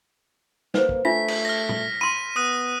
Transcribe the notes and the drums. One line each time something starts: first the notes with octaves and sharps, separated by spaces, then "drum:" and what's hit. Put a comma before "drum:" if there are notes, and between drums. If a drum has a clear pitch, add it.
A#3 B4 C5, drum: snare
drum: kick
A3 D4 F4 E5 B6
drum: cymbal
F6 A#6
drum: tom A#2
B5 C6 D#7
B3 D#6 F#6 D#7